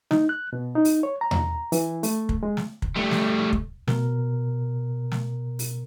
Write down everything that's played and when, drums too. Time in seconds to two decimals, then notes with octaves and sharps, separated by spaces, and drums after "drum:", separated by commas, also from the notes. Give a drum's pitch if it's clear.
0.11 D#4, drum: snare
0.29 F#6
0.53 B2
0.75 D#4
0.85 drum: open hi-hat
1.03 C#5
1.21 A#5
1.31 drum: tom E2
1.72 E3, drum: open hi-hat
2.03 A3, drum: open hi-hat
2.29 drum: kick
2.43 G#3
2.57 drum: snare
2.82 drum: kick
2.96 G3 A3
3.11 drum: snare
3.53 drum: kick
3.88 B2 A#4, drum: snare
5.12 drum: snare
5.59 drum: open hi-hat